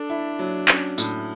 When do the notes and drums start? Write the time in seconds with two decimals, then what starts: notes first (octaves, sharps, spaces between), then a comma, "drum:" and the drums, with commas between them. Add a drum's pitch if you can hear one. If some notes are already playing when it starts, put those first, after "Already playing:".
Already playing: D4 A4
0.10 E4
0.39 F#3
0.68 C#4, drum: clap
0.98 A2, drum: tambourine